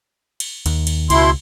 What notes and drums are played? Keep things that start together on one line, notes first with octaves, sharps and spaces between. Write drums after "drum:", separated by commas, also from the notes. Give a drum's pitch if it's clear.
drum: cymbal
D#2, drum: cymbal
drum: cymbal
C#2 B2 E4 C6, drum: cymbal